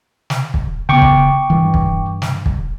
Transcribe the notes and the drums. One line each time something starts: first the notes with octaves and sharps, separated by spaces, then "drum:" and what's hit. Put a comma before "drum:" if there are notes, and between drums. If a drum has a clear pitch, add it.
drum: snare
drum: kick
C#3 B3 G5 C#6 D6
drum: kick
G2 E3
drum: kick
drum: snare
drum: kick